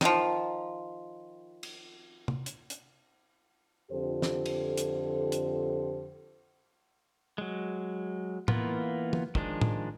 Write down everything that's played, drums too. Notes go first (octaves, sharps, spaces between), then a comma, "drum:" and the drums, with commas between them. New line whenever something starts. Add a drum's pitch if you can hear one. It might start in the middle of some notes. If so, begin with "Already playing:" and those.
D#3 F3, drum: snare
drum: cymbal
drum: tom
drum: hi-hat
drum: hi-hat
F2 D3 F4 G4 A4 C5
drum: snare
drum: cymbal
drum: hi-hat
drum: hi-hat
F#3 G#3
E3 A#3 B3 F4, drum: tom A2
drum: tom
D#3 F3 G#3 D4, drum: kick
drum: tom A2